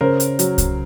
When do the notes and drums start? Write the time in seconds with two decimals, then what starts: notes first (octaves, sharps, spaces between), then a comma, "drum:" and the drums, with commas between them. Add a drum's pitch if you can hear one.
0.01 C#3 A#4 C5
0.20 drum: hi-hat
0.39 F#3, drum: hi-hat
0.58 drum: kick C2, hi-hat